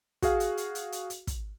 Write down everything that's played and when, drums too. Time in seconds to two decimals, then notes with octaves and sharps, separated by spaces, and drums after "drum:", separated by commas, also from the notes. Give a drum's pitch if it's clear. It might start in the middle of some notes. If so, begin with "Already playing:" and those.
0.22 F#4 G#4 F5, drum: kick, hi-hat
0.40 drum: hi-hat
0.57 drum: hi-hat
0.75 drum: hi-hat
0.92 drum: hi-hat
1.10 drum: hi-hat
1.27 drum: kick, hi-hat